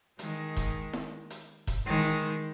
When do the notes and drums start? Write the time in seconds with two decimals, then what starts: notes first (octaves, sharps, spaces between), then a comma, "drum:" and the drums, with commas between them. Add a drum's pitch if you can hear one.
0.19 D#3 G#3, drum: hi-hat
0.56 drum: kick E1, hi-hat
0.93 drum: snare E4
1.30 drum: hi-hat
1.67 drum: kick E1, hi-hat
1.86 D#3 G#3
2.04 drum: hi-hat